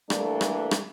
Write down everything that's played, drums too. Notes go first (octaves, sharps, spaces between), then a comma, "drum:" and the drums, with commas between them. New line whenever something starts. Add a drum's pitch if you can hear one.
E3 G3 A3 A#3 D4 A4, drum: rim click
drum: rim click
drum: rim click